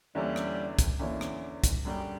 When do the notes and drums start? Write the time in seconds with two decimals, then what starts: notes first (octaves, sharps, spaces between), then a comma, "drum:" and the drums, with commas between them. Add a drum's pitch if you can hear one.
0.15 E2 D3 G3 A#3 C#4 E4
0.36 drum: rim click
0.79 drum: kick, hi-hat
0.99 E2 D3 A#3 C#4 E4
1.21 drum: rim click
1.64 drum: kick, hi-hat
1.85 F#2 D3 F#3 G3